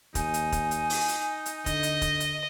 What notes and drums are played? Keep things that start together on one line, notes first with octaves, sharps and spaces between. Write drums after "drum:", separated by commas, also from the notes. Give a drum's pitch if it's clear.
D#2 D#4 G#5, drum: kick, hi-hat
drum: hi-hat
drum: kick, hi-hat
drum: hi-hat
drum: open hi-hat
drum: hi-hat
drum: hi-hat
D3 D#5, drum: kick, hi-hat
drum: hi-hat
drum: kick, hi-hat
drum: hi-hat